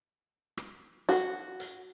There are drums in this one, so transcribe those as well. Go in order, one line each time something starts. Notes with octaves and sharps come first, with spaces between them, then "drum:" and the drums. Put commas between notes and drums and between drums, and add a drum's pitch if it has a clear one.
drum: rim click
F#4, drum: hi-hat
drum: hi-hat